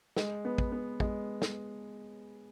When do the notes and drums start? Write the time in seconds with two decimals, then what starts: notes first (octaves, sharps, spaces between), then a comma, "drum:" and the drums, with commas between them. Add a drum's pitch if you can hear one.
0.16 G#3, drum: snare
0.45 B3
0.58 drum: kick
0.72 B3
1.00 G#3, drum: kick
1.42 drum: snare